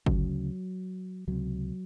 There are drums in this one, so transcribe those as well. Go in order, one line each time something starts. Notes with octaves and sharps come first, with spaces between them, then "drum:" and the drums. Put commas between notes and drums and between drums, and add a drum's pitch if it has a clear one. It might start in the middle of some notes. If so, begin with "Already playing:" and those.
D2 C#3 F#3, drum: kick G1
C#2 C3 F#3